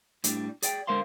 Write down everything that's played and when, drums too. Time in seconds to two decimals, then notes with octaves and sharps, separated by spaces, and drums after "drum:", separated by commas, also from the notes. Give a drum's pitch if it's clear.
0.24 A2 G3 D4, drum: hi-hat
0.62 G#4 D5 G5, drum: hi-hat
0.87 D3 G#3 A#4 C5 F5 C6